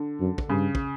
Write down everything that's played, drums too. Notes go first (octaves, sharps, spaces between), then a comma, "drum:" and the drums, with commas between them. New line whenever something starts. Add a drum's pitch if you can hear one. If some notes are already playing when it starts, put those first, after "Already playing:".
Already playing: D3
F#2
drum: kick
G2 C#3
drum: kick